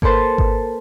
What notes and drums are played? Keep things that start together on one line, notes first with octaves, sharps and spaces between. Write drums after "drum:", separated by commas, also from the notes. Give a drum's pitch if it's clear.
A#3 A4 B4 C5 A5, drum: kick G#1
drum: kick G#1